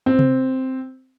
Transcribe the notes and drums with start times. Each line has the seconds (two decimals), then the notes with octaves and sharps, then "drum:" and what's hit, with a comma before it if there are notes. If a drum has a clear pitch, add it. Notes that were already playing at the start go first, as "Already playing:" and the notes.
0.06 C4
0.19 drum: tom C3